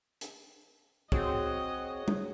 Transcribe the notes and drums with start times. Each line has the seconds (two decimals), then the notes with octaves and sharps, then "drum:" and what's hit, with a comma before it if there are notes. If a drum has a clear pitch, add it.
0.21 drum: hi-hat
1.12 C4 F#4 G#4 C#5 D#5, drum: kick
2.08 drum: tom G3